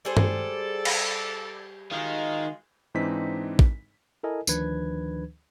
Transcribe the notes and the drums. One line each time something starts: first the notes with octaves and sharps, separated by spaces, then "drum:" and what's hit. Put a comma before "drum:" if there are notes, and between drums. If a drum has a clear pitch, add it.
G3 G#4 A4 C5 D5
drum: tom G2
drum: cymbal
D#3 G#3 D#4 F4 F#4
G#2 E3 C4 D4 D#4 B6
drum: kick
E4 A4 A#4 D#5 G#5
D2 D#3 F3 D4 B4 G#6, drum: tambourine